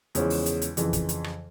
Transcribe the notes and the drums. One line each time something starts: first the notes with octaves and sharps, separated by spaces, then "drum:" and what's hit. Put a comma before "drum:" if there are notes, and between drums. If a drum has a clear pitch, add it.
E2 C#3 F3 G#3 C#4, drum: hi-hat
drum: open hi-hat
drum: hi-hat
drum: hi-hat
F2 C#3 E3, drum: hi-hat
drum: kick, hi-hat
drum: hi-hat
drum: rim click